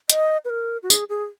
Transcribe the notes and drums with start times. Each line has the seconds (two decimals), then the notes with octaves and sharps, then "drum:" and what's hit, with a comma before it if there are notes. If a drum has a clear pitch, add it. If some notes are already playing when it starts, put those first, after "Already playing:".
0.09 D#5, drum: hi-hat
0.45 B4
0.50 A#4
0.83 F#4
0.90 G#4, drum: tambourine
1.09 G#4